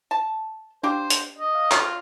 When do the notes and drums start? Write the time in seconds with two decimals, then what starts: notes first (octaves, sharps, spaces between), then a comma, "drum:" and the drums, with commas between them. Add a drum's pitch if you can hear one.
0.11 A5
0.83 D4 G4 C5 F5
1.10 drum: hi-hat
1.37 D#5
1.55 F5
1.71 F4, drum: clap